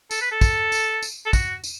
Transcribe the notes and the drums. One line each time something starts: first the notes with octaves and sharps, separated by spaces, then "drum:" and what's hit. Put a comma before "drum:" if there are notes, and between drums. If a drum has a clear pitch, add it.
A4, drum: tambourine
B4
A4
drum: kick, tambourine
drum: tambourine
drum: tambourine
A4
F#4, drum: kick, tambourine
drum: tambourine